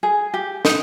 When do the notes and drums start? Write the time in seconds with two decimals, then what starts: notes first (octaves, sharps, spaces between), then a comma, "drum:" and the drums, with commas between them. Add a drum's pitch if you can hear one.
0.03 G#4
0.34 G4
0.65 D#4, drum: snare